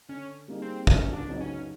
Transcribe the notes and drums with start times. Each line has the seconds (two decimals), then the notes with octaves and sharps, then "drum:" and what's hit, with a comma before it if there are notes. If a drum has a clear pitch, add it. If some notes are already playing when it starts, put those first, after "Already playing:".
0.08 D3 C#4
0.48 G3 A#3 D#4 G#4
0.62 C4
0.87 C#2 C#4, drum: kick
1.13 D4
1.26 C#3 F#3 B3 D#4
1.40 C#4